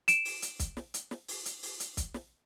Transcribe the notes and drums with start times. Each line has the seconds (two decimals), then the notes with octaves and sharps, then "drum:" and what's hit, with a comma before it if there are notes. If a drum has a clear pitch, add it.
0.08 D7 E7, drum: hi-hat
0.25 drum: open hi-hat
0.42 drum: hi-hat
0.59 drum: kick, hi-hat
0.77 drum: snare
0.94 drum: hi-hat
1.11 drum: snare
1.28 drum: open hi-hat
1.45 drum: hi-hat
1.63 drum: open hi-hat
1.80 drum: hi-hat
1.97 drum: kick, hi-hat
2.14 drum: snare